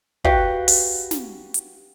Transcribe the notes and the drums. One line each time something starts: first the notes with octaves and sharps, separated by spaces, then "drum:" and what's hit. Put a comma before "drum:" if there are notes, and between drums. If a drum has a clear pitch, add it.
F#4 G4 B4 F5, drum: kick
drum: open hi-hat
drum: snare
drum: hi-hat